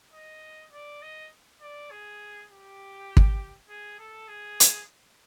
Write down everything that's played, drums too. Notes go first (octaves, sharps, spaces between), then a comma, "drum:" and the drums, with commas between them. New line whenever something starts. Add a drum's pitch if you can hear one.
D#5
D5
D#5
D5
G#4
G4
drum: kick
G#4
A4
G#4
drum: hi-hat